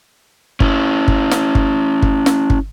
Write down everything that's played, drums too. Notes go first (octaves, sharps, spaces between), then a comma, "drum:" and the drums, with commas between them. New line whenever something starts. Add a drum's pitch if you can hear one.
C#4 E4, drum: kick
drum: kick
drum: snare
drum: kick
drum: kick
drum: snare
drum: kick